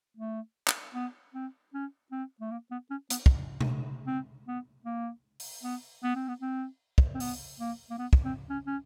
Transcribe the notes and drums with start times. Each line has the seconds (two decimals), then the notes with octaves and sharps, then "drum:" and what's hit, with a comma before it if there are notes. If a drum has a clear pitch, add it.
0.17 A3
0.67 drum: clap
0.94 B3
1.35 C4
1.74 C#4
2.12 C4
2.40 A3
2.51 A#3
2.71 B3
2.90 C#4
3.10 B3, drum: hi-hat
3.26 drum: kick
3.61 drum: tom B2
4.07 C4
4.47 B3
4.85 A#3
5.40 drum: open hi-hat
5.64 B3
6.03 B3
6.15 C4
6.28 B3
6.41 C4
6.98 drum: kick
7.15 C4
7.20 B3, drum: open hi-hat
7.60 A#3
7.90 A#3
7.99 B3
8.13 drum: kick
8.25 C4
8.50 C#4
8.66 C#4